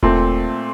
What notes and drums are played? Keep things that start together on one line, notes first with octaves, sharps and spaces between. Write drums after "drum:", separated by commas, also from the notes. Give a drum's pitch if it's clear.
A#2 A3 C4, drum: kick E1